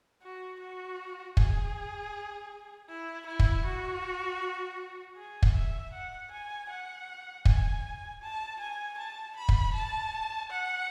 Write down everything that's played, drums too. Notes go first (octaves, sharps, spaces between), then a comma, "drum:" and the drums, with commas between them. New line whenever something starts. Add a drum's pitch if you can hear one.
F#4
F#4
G#4, drum: kick
E4
E4
drum: kick
F#4
G#4
drum: kick
E5
F#5
G#5
F#5
G#5, drum: kick
A5
G#5
A5
B5
drum: kick
A5
F#5